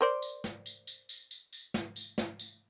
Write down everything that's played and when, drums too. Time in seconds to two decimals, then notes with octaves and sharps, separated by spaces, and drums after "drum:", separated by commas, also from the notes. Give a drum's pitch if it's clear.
0.01 A#4 C5 D5
0.22 drum: tambourine
0.44 drum: snare
0.66 drum: tambourine
0.87 drum: tambourine
1.09 drum: tambourine
1.31 drum: tambourine
1.53 drum: tambourine
1.74 drum: snare
1.96 drum: tambourine
2.18 drum: snare
2.39 drum: tambourine